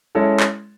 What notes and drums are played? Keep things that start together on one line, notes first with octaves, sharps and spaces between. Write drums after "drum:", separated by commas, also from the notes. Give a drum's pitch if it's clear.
G#3 C#4 E4 A4 C#5
drum: clap